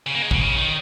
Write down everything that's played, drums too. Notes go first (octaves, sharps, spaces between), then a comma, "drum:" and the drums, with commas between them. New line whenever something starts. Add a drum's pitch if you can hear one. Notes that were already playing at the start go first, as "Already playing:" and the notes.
C#3
A#3
G#3
B2, drum: kick
C#3
D#3